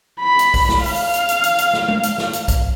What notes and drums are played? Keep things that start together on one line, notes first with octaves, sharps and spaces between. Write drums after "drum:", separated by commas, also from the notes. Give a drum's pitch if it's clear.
B5
drum: hi-hat
drum: kick, open hi-hat
drum: snare
F5, drum: open hi-hat
drum: hi-hat
drum: hi-hat
drum: hi-hat
drum: hi-hat
drum: snare
drum: tom G#3
drum: hi-hat
drum: snare
drum: hi-hat
drum: kick, hi-hat